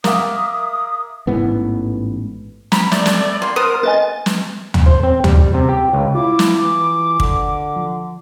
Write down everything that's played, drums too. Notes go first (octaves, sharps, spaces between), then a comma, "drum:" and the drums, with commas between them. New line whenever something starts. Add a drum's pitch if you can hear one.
A#4 E5 F5 D6 D#6, drum: snare
A1 G#2 E3 B3
A#5 B5, drum: snare
A3 D5, drum: snare
drum: snare
A#3 G4 C6
B3 A#4 C5 D#6
B4 D#5 G#5 A6
drum: snare
drum: tom
C5
C4
G3, drum: tom
C3
G4
C#2
E4 F4 D6
drum: snare
E3
D3, drum: kick
F3